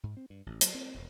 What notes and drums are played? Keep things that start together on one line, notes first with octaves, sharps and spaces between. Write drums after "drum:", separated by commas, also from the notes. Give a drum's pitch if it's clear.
G#2
C4
G2
A1
F#3, drum: hi-hat
C4
E1